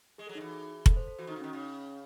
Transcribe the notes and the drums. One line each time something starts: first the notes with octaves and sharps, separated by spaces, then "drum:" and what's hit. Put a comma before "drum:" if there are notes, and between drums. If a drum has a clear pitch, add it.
G#3 G#4
A4
F#3
D#3 D#4
E3 F#4
G#4
A4, drum: kick F1
C5
A4
E3 F#4
D#3
D#4
C#3
D#3 C#4
C#3